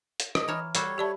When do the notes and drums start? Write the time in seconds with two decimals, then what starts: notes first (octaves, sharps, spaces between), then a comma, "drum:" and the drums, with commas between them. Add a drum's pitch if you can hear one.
0.20 E7, drum: hi-hat
0.35 D#5 D6 D#6, drum: rim click
0.48 E3 C#5 A5 A#5 F6
0.75 G3 F#4 A4 C#5 E6 F6 C7, drum: hi-hat
0.98 G4 D5 E5 A5 B5